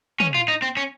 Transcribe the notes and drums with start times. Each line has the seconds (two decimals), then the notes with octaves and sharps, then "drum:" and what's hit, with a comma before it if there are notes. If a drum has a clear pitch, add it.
0.20 C#4, drum: tom
0.35 F4
0.48 D#4
0.62 C4
0.77 C#4